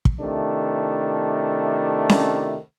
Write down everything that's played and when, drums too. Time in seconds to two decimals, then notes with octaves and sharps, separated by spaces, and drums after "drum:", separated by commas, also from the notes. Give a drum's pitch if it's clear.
0.05 drum: kick
0.21 C3 D#3 A3 D4 E4
2.09 drum: snare C#4